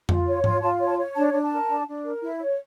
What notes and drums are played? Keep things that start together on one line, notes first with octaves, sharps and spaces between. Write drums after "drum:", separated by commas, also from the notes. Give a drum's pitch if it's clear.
F4, drum: tom F2
C#5
F4, drum: tom G#2
F4 A5
C#5
A5
C#5
D4 A5
D4
A5
A#4
D4
D4
A#4
E4
C#5